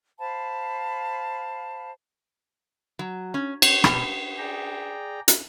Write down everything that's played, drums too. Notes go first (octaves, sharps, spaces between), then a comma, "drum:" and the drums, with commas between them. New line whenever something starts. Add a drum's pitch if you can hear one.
C5 F5 A5 B5
F#3
C#4
C#5, drum: cymbal
B2, drum: rim click
G#4 D5 G5 A#5
drum: hi-hat